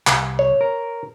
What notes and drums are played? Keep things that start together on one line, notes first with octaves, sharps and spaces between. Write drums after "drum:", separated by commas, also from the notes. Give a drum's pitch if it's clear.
C2, drum: clap
C#5
A#4